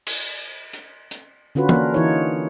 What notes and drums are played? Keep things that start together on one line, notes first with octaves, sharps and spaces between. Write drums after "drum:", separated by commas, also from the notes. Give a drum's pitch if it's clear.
drum: cymbal
drum: hi-hat
drum: hi-hat
D3 C#4 F4 F#4 B4
A#3 D4 A#4, drum: tom
E3 D#4 E4 A#4 C#5